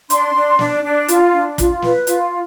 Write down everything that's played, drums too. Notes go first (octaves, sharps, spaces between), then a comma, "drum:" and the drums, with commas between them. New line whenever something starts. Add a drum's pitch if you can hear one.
D4 C6, drum: hi-hat
D4
D4, drum: snare
D4
F4, drum: hi-hat
D4
F4, drum: kick, hi-hat
B4, drum: snare
F4, drum: hi-hat